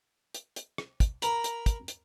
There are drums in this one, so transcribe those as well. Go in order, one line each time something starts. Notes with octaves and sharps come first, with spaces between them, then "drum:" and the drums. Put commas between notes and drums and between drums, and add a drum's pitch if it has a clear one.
drum: hi-hat
drum: hi-hat
drum: rim click
drum: kick, hi-hat
A#4 A#5 B5, drum: hi-hat
drum: hi-hat
drum: kick, hi-hat
drum: hi-hat